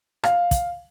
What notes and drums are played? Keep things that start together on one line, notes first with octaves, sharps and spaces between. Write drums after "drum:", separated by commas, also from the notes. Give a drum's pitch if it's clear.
F5, drum: rim click
drum: kick, hi-hat